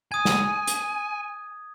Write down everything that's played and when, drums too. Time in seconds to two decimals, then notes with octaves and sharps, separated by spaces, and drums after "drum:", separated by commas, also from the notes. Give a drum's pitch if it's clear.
0.12 G#5 D#6 G#6
0.25 drum: snare
0.67 drum: hi-hat